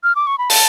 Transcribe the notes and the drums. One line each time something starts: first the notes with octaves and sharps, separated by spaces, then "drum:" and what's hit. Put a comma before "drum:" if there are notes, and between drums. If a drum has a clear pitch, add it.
F6
D6
C#6
B5
A5, drum: open hi-hat